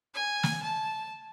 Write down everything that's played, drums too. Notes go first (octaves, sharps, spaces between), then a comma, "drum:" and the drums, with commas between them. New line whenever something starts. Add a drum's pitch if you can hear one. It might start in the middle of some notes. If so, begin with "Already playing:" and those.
G#5
drum: snare
A5